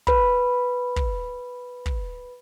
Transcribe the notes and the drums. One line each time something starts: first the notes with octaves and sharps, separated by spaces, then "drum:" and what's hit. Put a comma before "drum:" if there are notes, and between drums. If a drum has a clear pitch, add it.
B4 B5, drum: kick
drum: kick
drum: kick